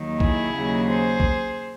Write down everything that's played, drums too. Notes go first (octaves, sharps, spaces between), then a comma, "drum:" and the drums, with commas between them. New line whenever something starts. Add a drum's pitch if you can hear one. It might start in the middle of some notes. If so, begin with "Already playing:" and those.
Already playing: D#2 D#3 F#3
E4 G#4, drum: kick B1
D#2 C#3 F#3
G#4 C5
drum: kick B1